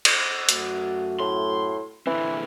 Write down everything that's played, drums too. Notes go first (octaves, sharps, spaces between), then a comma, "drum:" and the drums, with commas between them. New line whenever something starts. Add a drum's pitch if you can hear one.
drum: cymbal
F#2 A3 F#4, drum: hi-hat
A2 C6
D3 E3 C4